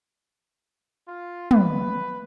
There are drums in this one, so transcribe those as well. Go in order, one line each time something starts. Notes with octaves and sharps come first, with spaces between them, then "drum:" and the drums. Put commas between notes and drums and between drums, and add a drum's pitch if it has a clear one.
F4
B4, drum: tom